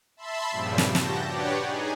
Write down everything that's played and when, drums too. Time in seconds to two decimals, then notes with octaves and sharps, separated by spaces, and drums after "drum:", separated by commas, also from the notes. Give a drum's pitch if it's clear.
0.17 E5 A5 B5 C6 E6
0.51 G2 A#2 C#3 F3 G3
0.78 drum: snare
0.95 F#4 G4 A5 G6 A#6, drum: snare
1.26 D4 G4 B4 C#5 D5 F#5
1.63 D#4 G#4 G#5